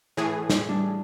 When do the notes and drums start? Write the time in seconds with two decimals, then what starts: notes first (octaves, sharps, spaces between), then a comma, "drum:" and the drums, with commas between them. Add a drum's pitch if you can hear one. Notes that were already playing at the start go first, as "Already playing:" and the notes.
0.17 A2 E3 G#4
0.50 drum: snare
0.69 G3 D4